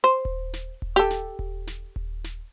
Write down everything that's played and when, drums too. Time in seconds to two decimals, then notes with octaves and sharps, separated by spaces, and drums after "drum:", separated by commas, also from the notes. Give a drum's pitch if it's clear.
0.04 C5
0.25 drum: kick D#1
0.53 drum: snare
0.82 drum: kick D#1
0.96 G4 A4
1.10 drum: snare
1.39 drum: kick D#1
1.67 drum: snare
1.96 drum: kick D#1
2.24 drum: snare